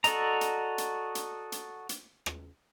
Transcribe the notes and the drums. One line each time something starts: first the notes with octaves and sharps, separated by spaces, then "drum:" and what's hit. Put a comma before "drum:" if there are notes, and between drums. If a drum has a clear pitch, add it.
F#4 A4 D5 D#5 A#5, drum: hi-hat
drum: hi-hat
drum: hi-hat
drum: hi-hat
drum: hi-hat
drum: hi-hat
drum: rim click